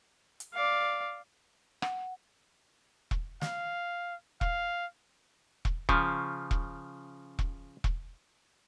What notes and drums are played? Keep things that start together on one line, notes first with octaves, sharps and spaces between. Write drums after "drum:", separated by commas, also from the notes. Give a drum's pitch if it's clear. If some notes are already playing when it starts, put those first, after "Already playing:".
drum: hi-hat
D5 F5
F#5, drum: rim click
drum: kick E1
F5, drum: snare
F5, drum: kick E1
drum: kick E1
C#3 F3, drum: kick E1
drum: kick E1
drum: kick E1
drum: kick E1